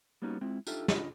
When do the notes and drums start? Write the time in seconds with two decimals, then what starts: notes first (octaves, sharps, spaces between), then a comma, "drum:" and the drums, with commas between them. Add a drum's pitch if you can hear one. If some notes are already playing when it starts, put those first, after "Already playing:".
0.22 G3 A#3 B3 C#4 D#4 F#4
0.41 G#3 C4 E4 F4
0.67 D4 D#4 F4 G4 A4 E5, drum: tambourine
0.88 C#4 D4 F4 D#5 B5, drum: snare